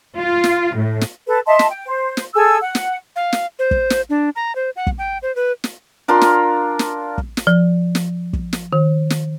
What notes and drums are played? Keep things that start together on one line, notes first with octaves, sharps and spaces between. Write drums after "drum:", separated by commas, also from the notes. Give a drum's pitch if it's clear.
F4
drum: snare
A2
drum: snare
A4 B4
D#5 E5 A5 C6
drum: snare
G5
C5
drum: snare
G#4 A4 G#5 E6
F#5
drum: snare
F5
drum: snare
C5
drum: kick
drum: snare
D4
A#5
C5
F#5
drum: kick
G5
C5
B4
drum: snare
D4 F4 A#4 C6
drum: snare
drum: snare
drum: kick
drum: snare
F3
drum: snare
drum: kick
drum: snare
D#3
drum: snare